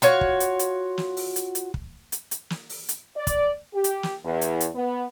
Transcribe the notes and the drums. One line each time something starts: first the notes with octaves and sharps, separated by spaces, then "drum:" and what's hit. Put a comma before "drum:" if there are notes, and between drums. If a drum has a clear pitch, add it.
F4 F#4 C#5, drum: hi-hat
drum: kick
drum: hi-hat
drum: hi-hat
drum: snare
drum: open hi-hat
drum: hi-hat
drum: hi-hat
drum: kick
drum: hi-hat
drum: hi-hat
drum: snare
drum: open hi-hat
drum: hi-hat
D5
drum: kick, hi-hat
G4
drum: hi-hat
drum: snare
E2
drum: hi-hat
drum: hi-hat
B3